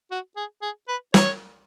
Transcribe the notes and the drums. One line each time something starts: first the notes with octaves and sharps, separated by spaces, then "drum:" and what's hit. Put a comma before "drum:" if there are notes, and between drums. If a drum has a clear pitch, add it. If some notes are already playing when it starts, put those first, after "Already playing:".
F#4
G#4
G#4
B4
C#5, drum: snare